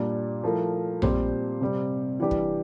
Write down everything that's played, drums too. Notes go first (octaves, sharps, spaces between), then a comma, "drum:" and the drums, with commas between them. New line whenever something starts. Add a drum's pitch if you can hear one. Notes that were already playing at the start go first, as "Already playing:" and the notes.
Already playing: A#2 G3 D4
F3 A3 E4 A#4
A#2 G3 C4 G4 C5, drum: tom A#1
C3 G3 C4
E3 G3 D4 G4
drum: kick